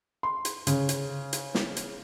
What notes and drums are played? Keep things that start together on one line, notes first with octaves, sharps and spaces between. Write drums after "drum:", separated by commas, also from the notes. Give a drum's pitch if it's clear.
C6
drum: hi-hat
C#3, drum: hi-hat
drum: hi-hat
drum: hi-hat
drum: snare
drum: hi-hat